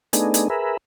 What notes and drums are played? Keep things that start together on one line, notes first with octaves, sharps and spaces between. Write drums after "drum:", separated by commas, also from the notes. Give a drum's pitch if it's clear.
A3 B3 D4 D#4 G#4, drum: hi-hat
drum: hi-hat
G#4 A#4 B4 E5